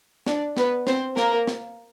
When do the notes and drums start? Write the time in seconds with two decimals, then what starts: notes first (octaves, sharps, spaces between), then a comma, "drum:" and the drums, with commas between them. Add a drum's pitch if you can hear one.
0.26 D4 D5, drum: snare
0.57 B3 B4, drum: snare
0.87 C4 C5, drum: snare
1.17 A#3 A#4, drum: snare
1.47 drum: snare